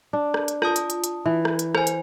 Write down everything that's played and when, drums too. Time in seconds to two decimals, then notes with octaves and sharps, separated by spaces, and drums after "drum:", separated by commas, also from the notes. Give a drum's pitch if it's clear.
0.13 D4
0.34 drum: rim click
0.48 drum: hi-hat
0.62 F4 A5 D#6, drum: rim click
0.76 drum: hi-hat
0.90 drum: hi-hat
1.04 drum: hi-hat
1.26 E3
1.45 drum: rim click
1.59 drum: hi-hat
1.75 C5 G#5, drum: rim click
1.87 drum: hi-hat